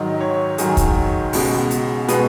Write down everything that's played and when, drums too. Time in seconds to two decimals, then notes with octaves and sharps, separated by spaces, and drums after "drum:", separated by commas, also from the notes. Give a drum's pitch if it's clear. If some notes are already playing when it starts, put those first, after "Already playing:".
Already playing: G#2 D#3 F#3 D#5
0.20 C#5
0.58 G#2 D#3 F#3 G#4, drum: hi-hat
0.77 drum: kick, hi-hat
1.33 C#2 B2 G#3, drum: open hi-hat
1.71 drum: hi-hat
2.08 B2 G#3 B4, drum: hi-hat